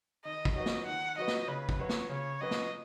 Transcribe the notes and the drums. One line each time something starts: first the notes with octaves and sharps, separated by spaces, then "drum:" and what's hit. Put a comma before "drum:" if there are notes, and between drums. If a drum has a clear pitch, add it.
D#3 D#5
drum: kick
F#3 D#4 F#4 B4 D#5
drum: snare
D#3 F#5
F#3 D#4 F#4 B4 D#5
drum: snare
C#3 B4
drum: kick
F#3 C#4 F#4 B4 C#5
drum: snare
C#3 C#5
F#3 C#4 F#4 B4 D#5
drum: snare